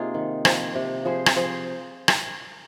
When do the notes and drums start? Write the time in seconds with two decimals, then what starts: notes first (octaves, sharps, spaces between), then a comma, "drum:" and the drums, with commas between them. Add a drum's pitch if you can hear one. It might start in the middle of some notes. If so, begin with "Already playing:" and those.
Already playing: C3 A#3 D#4 F4 G#4
0.14 D#3
0.45 F3, drum: rim click
0.75 C3
1.05 F3 G#4 C5
1.26 drum: rim click
1.36 F3 G#4 C5
2.08 drum: rim click